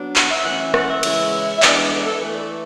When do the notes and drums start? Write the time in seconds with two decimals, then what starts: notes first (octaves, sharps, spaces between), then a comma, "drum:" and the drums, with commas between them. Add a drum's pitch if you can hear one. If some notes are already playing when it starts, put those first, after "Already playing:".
Already playing: F#3 B3 D4
0.16 F#5, drum: clap
0.30 E5
0.45 E3 A3 C#4 F#5
0.60 E5
0.74 F#5, drum: rim click
0.90 E5
1.03 C#3 E3 G#3 C#4 E4, drum: cymbal
1.58 E5
1.62 E3 G#3 B3 D4 D5, drum: clap
1.78 B4
1.92 A4
2.06 A4
2.21 E3 A3 E4 B4
2.35 D5